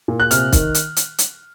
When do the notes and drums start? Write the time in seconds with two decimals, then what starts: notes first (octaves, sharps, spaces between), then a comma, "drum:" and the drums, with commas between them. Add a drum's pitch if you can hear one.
0.08 A#2
0.20 F#6
0.31 C3 F6, drum: hi-hat
0.52 D#3, drum: kick, hi-hat
0.74 drum: hi-hat
0.96 drum: hi-hat
1.18 drum: hi-hat